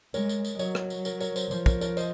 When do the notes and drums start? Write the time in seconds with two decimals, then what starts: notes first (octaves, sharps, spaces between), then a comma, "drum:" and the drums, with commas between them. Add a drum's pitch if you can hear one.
0.14 G#3 A#4 C#5, drum: tambourine
0.29 drum: tambourine
0.45 drum: tambourine
0.55 D#5
0.59 F#3 A#4 C#5, drum: tambourine
0.75 drum: rim click
0.90 drum: tambourine
1.05 A#4 C#5, drum: tambourine
1.20 A#4 C#5, drum: tambourine
1.36 C5, drum: tambourine
1.51 F3 C5, drum: tambourine
1.66 A#4 C#5, drum: kick, tambourine
1.81 A#4 C#5, drum: tambourine
1.97 C5 D#5, drum: tambourine